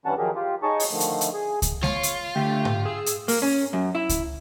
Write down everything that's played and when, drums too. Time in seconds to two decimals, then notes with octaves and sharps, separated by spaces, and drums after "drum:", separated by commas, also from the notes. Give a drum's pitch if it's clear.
0.06 G2 E3 G3 C#4 F#5 A5
0.18 D#3 F3 F#3 G4 G#4 A#4
0.36 F4 G4
0.63 D#4 G#4 C#5 D#5 A5 C#6
0.80 drum: open hi-hat
0.91 D3 D#3 F3 A3
1.00 drum: hi-hat
1.21 drum: hi-hat
1.33 G#4
1.62 drum: kick C#2, hi-hat
1.83 F4 C#5, drum: snare G#3
2.03 drum: hi-hat
2.36 D3 A3 G4
2.65 drum: tom G#2
2.85 G#4 E6
3.06 drum: hi-hat
3.28 A#3, drum: open hi-hat
3.42 C#4
3.73 F#2
3.95 E4
4.09 drum: kick C#2, hi-hat